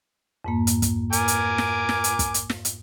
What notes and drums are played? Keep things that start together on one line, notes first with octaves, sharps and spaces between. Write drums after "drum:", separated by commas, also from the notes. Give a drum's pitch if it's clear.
F2 G#2 A#3
drum: hi-hat
drum: kick, hi-hat
A#4 G#5 D6, drum: hi-hat
drum: hi-hat
drum: snare
drum: snare
drum: hi-hat
drum: kick, hi-hat
drum: hi-hat
drum: snare
drum: hi-hat